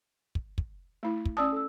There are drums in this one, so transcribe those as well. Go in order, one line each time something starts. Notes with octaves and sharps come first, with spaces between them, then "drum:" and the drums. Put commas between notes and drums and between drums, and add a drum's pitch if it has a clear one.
drum: kick
drum: kick
A3 E4
drum: kick
C#4 D5 A5 D#6 E6
A4 E6